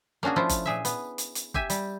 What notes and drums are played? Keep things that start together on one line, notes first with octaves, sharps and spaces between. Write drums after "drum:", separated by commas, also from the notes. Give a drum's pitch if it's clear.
A#3 C#4 D4 F#4 G#4
F3 A3 E4 F4
drum: kick F#1, hi-hat
A#2 G#4 E5
B3, drum: hi-hat
drum: hi-hat
drum: hi-hat
G4 E5 G#5, drum: kick F#1
G3, drum: hi-hat